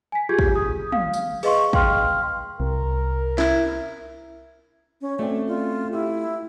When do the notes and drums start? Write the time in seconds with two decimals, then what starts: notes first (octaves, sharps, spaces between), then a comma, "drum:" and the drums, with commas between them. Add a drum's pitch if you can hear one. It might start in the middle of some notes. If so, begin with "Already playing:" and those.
0.12 G#5 B6
0.29 F4 G4 G#4 G6 G#6
0.39 drum: kick
0.55 D#6
0.92 F5, drum: tom
1.13 drum: tambourine
1.43 G#4 B4 D#5 F5 C6 C#6, drum: open hi-hat
1.73 F5 G5 C6 F6, drum: kick
2.60 C2 A#4
3.38 E4, drum: snare
5.01 C#4
5.19 A3 C4 C#4 F#4 D5
5.48 F4
5.93 E4 G4